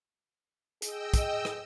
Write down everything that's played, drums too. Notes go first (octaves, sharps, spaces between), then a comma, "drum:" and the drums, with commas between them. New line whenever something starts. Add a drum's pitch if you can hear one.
G#4 D#5 G5 E6, drum: hi-hat
drum: kick, hi-hat
drum: rim click